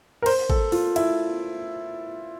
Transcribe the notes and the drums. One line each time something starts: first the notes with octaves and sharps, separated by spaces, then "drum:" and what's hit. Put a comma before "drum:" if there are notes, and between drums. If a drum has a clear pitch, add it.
A#4
C5, drum: cymbal
A4, drum: kick G#1
F4, drum: open hi-hat
E4, drum: cymbal